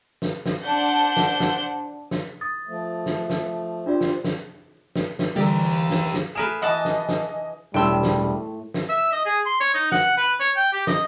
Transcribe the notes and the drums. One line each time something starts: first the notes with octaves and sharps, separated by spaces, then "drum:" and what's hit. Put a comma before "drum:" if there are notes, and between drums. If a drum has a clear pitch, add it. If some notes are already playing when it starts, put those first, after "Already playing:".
drum: snare
drum: snare
D4 C5 F#5 C6 G6
drum: snare
drum: snare
drum: snare
D#6 A6
F3 A3
drum: snare
drum: snare
D4 F4 G4 C5 D5
drum: snare
drum: snare
drum: snare
drum: snare
D3 E3 G3 G4 A#4
drum: snare
drum: snare
A3 G#4 A#4 B4 E7
E3 D#5 F#5 G#5 A5
drum: snare
drum: snare
E1 A2 G3 A3 E5 G5 C6 E6
drum: snare
drum: snare
E5
D#5
G#4
C6
C#5
D#4
F#5, drum: snare
B4
C#5
G5
G4
D#5, drum: snare